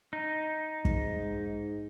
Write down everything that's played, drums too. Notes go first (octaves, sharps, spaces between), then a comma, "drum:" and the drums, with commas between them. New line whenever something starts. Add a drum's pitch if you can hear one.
D#4
G#2, drum: kick